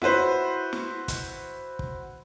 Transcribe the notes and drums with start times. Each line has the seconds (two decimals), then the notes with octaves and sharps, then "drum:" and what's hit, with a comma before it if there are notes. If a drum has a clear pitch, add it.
0.02 E4 F#4 B4 C5, drum: snare
0.73 drum: snare
1.08 drum: kick, hi-hat
1.79 drum: kick